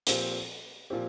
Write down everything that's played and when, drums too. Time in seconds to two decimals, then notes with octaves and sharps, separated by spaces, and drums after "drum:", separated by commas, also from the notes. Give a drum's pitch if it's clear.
0.07 A#2 F3 C4 G4, drum: hi-hat
0.90 A#2 F3 C4 G4